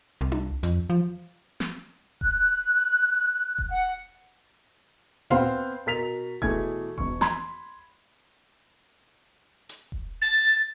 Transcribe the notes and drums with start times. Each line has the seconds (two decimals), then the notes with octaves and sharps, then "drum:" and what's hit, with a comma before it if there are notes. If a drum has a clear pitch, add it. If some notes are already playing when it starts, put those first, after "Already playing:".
0.21 C2
0.32 drum: tom D4
0.63 F2, drum: hi-hat
0.90 F3
1.60 drum: snare
2.21 F#6, drum: kick E1
3.58 drum: kick E1
3.70 F#5
5.30 B3 C4 B4 C5 F5 F#5, drum: tom A#2
5.86 B2 A#4 B6 F7
6.42 B2 E3 A3 G#4 G#6, drum: kick E1
6.98 E1 C#6, drum: kick E1
7.21 B5 C6 G#6, drum: snare
9.69 drum: hi-hat
9.92 drum: kick E1
10.21 A6